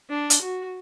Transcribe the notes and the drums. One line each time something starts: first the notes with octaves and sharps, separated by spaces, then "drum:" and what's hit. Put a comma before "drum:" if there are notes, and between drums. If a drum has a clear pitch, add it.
D4
drum: hi-hat
F#4